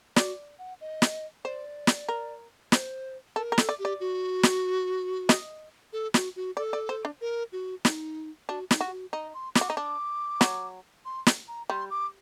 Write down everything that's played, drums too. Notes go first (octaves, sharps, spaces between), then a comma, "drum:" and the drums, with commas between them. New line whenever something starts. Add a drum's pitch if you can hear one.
F#4 D5, drum: snare
F#5
D#5
drum: snare
C5 D5
drum: snare
A#4
C5, drum: snare
A4 A#4
A#4
A4, drum: snare
D5
G4
D5
F#4
drum: snare
D#5, drum: snare
A4
F#4, drum: snare
F#4
A4 D5
D5
C5
D4
A#4
F#4
D#4, drum: snare
D4 F#4
D#4, drum: snare
F#4
G4
F#4
D#4 D#5
C6
D6, drum: snare
F#4
D#4
D4 D6
F#3, drum: snare
C6
drum: snare
A#5
G3 C6
D6